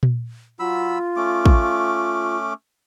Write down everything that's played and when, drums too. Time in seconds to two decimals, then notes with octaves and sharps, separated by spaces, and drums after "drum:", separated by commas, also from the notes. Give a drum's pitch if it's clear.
0.03 drum: tom A#2
0.59 F#3 F4 B5 E6
1.16 A3 C#4 D6
1.46 drum: kick